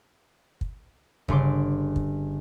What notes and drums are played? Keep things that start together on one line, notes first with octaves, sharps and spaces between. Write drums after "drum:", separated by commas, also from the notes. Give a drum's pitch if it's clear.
drum: kick
G1 C#3 C6 D6, drum: kick
drum: kick